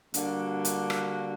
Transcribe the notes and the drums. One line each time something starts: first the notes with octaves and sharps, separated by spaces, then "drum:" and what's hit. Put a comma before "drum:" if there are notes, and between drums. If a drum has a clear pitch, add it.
D3 G3 A#3 D4 F#4, drum: hi-hat
drum: hi-hat
drum: rim click